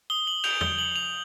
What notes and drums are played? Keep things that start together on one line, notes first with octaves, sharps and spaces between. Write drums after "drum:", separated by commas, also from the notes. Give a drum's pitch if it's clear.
D#6 G7
F#7
G6 F7, drum: cymbal
G7, drum: tom E2
G6 F#7
F7